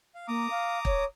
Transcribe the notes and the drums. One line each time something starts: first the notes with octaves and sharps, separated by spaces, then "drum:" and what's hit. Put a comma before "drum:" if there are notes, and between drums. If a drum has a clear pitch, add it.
F5
A#3 A#5 D6 D#6
F5
C#5, drum: kick